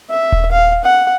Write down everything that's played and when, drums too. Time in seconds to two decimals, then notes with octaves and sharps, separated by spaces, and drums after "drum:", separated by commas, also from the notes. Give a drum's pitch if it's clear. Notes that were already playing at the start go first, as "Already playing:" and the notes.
0.10 E5
0.32 drum: kick D#1
0.52 F5
0.84 F#5